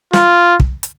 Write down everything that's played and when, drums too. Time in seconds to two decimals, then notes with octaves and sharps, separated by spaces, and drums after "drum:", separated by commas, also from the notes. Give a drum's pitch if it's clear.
0.13 F4, drum: snare
0.60 drum: kick
0.83 drum: hi-hat